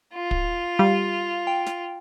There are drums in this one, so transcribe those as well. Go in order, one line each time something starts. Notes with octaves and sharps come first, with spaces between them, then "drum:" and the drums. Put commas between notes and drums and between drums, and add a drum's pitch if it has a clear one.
F4
drum: kick
G3 F5
G5
drum: snare